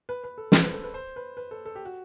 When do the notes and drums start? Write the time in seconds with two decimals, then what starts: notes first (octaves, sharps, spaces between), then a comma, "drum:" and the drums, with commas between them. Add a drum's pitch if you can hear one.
0.09 B4
0.24 B4
0.38 A4
0.52 C5, drum: snare
0.63 B4
0.74 A4
0.84 B4
0.94 C5
1.16 B4
1.37 B4
1.51 A4
1.66 A4
1.75 G4
1.85 F#4